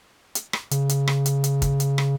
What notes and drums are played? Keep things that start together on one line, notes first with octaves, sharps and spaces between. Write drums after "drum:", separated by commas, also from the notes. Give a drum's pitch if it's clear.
drum: hi-hat
drum: rim click
C#3, drum: hi-hat
drum: hi-hat
drum: rim click
drum: hi-hat
drum: hi-hat
drum: kick, hi-hat
drum: hi-hat
drum: rim click